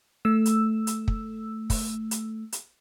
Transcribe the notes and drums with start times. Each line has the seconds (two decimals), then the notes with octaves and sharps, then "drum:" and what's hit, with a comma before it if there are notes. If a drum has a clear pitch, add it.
0.25 A3 E6
0.46 drum: hi-hat
0.87 drum: hi-hat
1.08 drum: kick
1.70 drum: kick, open hi-hat
2.11 drum: hi-hat
2.52 drum: hi-hat